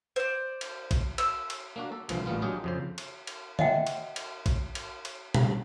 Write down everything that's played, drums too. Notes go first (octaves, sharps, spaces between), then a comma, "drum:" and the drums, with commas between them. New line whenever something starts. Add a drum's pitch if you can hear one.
C5 D5
drum: cymbal
drum: kick, cymbal
E6, drum: cymbal
drum: cymbal
A#3 D4 F#4
A4
C2 A#2 D3 E3 F3, drum: cymbal
A1 A#2 G3 B3 F4
F#3 D4 D#4 F4 G4 G#4
F2 C#3 C5
drum: cymbal
drum: cymbal
D#5 E5 F#5 G5, drum: tom D3
drum: cymbal
drum: cymbal
drum: kick, cymbal
drum: cymbal
drum: cymbal
drum: tom